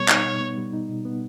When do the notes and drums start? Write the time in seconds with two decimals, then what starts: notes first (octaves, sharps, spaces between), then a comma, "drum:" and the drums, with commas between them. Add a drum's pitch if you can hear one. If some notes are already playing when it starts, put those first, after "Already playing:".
Already playing: B2 G3 B3 C#5
0.09 D#4, drum: clap
0.25 B2
0.40 B3
0.57 G3
0.73 D#4
0.89 B2
1.05 B3